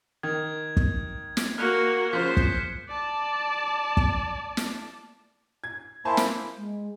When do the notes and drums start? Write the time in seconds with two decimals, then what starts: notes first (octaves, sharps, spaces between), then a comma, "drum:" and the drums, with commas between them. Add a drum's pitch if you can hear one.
0.23 D#3 G#6
0.77 drum: kick
1.37 drum: snare
1.58 A#3 F#4 F6 F#6 C#7
2.13 C#3 F3 C5 B6
2.37 drum: kick
2.89 D5 A5
3.97 drum: kick
4.57 drum: snare
5.64 G#6
6.05 A#3 E4 C5 G#5 A5 C6
6.17 drum: snare
6.57 G#3